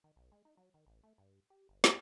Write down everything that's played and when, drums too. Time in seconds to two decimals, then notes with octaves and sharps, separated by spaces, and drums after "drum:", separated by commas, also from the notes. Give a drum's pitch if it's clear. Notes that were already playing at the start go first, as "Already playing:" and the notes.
0.04 D#3
0.16 B1
0.32 G#3
0.45 D#4
0.57 F#3
0.74 D#3
0.87 A1
1.03 A3
1.18 G2
1.50 G4
1.69 G1
1.84 D#2, drum: snare